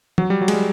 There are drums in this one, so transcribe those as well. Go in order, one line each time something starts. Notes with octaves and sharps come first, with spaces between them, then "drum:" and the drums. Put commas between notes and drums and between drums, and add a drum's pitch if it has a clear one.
F#3, drum: tom
G3
F#3
G#3, drum: cymbal
G3